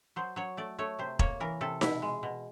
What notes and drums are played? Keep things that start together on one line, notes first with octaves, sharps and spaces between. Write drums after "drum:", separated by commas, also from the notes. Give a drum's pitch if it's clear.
F#3 C5
F#3 C#5
A3 D5
A3 C#5
C3 C5
A#3 C#5, drum: kick E1
E3 A#4
C3 A4
B2 E4, drum: snare D#4
G#3
B2